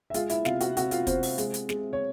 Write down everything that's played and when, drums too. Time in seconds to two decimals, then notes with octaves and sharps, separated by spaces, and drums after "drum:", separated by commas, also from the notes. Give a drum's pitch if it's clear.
0.10 E5
0.14 G#3 F4 F5, drum: hi-hat
0.29 E4 E5, drum: hi-hat
0.45 C3 F4 F5, drum: snare
0.60 F#4 F#5, drum: hi-hat
0.77 C3 F#4 F#5, drum: hi-hat
0.91 F4 F5, drum: hi-hat
1.07 C3 C5, drum: kick, hi-hat
1.23 drum: open hi-hat
1.38 G#3, drum: hi-hat
1.54 drum: hi-hat
1.69 G#3, drum: snare
1.93 C#5